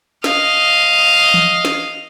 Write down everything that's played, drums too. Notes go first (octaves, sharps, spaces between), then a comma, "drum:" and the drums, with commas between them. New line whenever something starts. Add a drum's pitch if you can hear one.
D#5 F5, drum: snare
drum: tom E3
drum: snare